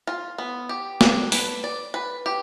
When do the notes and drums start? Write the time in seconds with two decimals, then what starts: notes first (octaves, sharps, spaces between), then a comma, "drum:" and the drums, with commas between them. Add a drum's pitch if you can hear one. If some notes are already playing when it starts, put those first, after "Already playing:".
0.07 F4
0.38 B3
0.69 G4
1.01 D4, drum: snare
1.32 B4, drum: open hi-hat
1.64 D5
1.94 B4
2.26 G4